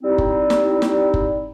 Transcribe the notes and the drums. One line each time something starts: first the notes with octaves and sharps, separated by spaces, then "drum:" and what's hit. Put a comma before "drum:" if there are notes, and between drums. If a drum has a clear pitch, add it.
G3 C4 D#4 E4
drum: kick F#1
drum: snare
drum: snare
drum: kick F#1